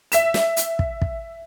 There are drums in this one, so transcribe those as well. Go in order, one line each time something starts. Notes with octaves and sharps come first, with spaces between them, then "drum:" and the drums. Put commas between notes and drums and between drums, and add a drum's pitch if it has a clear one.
E5 B6 E7, drum: hi-hat
drum: snare
drum: hi-hat
drum: kick
drum: kick